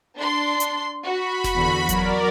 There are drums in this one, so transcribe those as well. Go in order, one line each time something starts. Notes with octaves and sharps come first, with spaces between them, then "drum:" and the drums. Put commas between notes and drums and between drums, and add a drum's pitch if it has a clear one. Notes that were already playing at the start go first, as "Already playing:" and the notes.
D4 C6
drum: hi-hat
F#4 B5
drum: snare F1
E2 D3
F#3 A#4 D5, drum: kick F#1, hi-hat